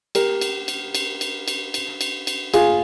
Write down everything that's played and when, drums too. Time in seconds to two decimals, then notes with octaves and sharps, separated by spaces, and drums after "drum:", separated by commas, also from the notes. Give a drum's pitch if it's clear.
0.15 G4 A#4, drum: cymbal
0.41 drum: cymbal
0.68 drum: cymbal
0.95 drum: cymbal
1.21 drum: cymbal
1.48 drum: cymbal
1.74 drum: cymbal
2.01 drum: cymbal
2.27 drum: cymbal
2.54 F4 G#4, drum: cymbal